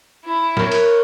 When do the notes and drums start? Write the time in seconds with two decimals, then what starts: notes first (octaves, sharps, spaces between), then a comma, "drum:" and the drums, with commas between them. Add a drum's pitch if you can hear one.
0.25 E4
0.57 A#4 C#5, drum: snare
0.72 drum: cymbal